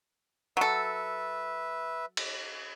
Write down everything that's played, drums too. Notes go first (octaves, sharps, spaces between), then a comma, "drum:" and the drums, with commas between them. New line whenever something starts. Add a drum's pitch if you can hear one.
F#3 A4 B4 E5
drum: cymbal